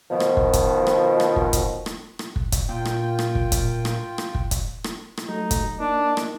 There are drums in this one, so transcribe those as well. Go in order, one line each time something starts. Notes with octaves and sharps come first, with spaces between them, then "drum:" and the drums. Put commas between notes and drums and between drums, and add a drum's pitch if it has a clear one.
B2 D#3 F3
drum: rim click
drum: kick
drum: kick, hi-hat
drum: rim click
drum: rim click
drum: kick
drum: kick, hi-hat
drum: rim click
drum: rim click
drum: kick
drum: kick, hi-hat
A#2 F4 G5
drum: rim click
drum: rim click
drum: kick
drum: kick, hi-hat
drum: rim click
drum: rim click
drum: kick
drum: kick, hi-hat
drum: rim click
drum: rim click
F#3 A3 D#4
drum: kick, hi-hat
A#3 D4 D#4
drum: rim click